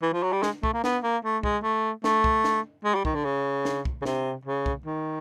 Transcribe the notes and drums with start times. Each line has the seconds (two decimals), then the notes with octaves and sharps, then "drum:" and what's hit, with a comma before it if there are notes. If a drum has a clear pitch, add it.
0.02 E3
0.13 F3
0.23 F#3
0.33 G3
0.43 G#3, drum: snare
0.63 A3, drum: kick C2
0.73 A#3
0.84 B3, drum: snare
1.03 A#3
1.24 A3
1.43 G#3, drum: kick C2
1.63 A3
2.04 A3, drum: snare
2.24 drum: kick C2
2.44 drum: snare
2.85 G#3
2.95 G3
3.05 D#3, drum: kick C2
3.15 D3
3.25 C#3
3.65 drum: snare
3.85 drum: kick C2
4.02 C#3
4.05 C3, drum: snare
4.45 C#3
4.66 drum: kick C2
4.86 D#3